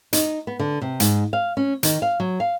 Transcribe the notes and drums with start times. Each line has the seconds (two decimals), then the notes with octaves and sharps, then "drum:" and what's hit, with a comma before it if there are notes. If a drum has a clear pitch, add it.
0.13 D#4, drum: hi-hat
0.47 B3
0.59 D3
0.82 C3
1.00 G#2, drum: hi-hat
1.33 F5
1.57 C#4
1.83 D#3, drum: hi-hat
2.02 F5
2.20 F#3
2.40 F5